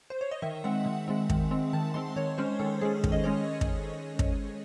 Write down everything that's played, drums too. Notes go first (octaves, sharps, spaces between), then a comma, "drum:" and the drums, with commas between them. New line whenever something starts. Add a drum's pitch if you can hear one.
C5
C#5
D#5
D#3 E5
G#3 C4 F#5
D#3
G#3 C4
D#3, drum: kick
G#3 C4
D#3 A5
G#3 C4 C6
D#3 C#5
G#3 C#4 C5
D#3 A4
G#3 C#4 G#4
D#3, drum: kick
D#5
G#3 C#4 C#5
drum: kick
drum: kick